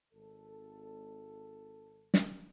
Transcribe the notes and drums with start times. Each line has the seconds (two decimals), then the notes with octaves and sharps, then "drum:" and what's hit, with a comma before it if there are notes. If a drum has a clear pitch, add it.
0.13 G#1 A4
2.14 drum: snare